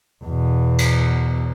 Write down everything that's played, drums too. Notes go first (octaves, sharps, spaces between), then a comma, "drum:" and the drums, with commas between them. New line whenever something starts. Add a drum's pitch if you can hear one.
E2 B2
drum: cymbal